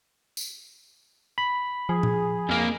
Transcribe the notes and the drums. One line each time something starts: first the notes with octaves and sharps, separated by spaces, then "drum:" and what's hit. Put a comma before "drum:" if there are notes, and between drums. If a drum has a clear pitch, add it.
drum: tambourine
B5
F3 G#4
drum: tom A#2
F2 A#3